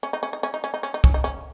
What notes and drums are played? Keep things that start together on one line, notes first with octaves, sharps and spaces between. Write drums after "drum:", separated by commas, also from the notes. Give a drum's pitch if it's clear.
C#4
D#4
C#4
D#4
C#4
D#4
C#4
D#4
C#4
D#4
C#4, drum: kick
D#4
C#4